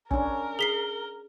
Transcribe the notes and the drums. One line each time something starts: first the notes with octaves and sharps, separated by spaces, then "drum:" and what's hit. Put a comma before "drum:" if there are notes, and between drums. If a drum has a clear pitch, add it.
C#4 D4 A#4 G#5, drum: kick
G#4 B6 C7 G7